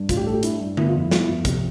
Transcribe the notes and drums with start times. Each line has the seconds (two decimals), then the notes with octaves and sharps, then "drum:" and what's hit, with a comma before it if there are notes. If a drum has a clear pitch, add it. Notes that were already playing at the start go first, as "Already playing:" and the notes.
Already playing: G2
0.09 A2 F4, drum: kick, hi-hat
0.17 G4
0.26 A2 A4
0.34 G4
0.43 D4 E4, drum: hi-hat
0.60 G2
0.77 B3 E4, drum: tom D3
0.88 F4
0.94 F2
1.00 E4
1.11 B3 F4, drum: snare
1.20 E4
1.28 F2 F4
1.45 C3 G4, drum: kick, hi-hat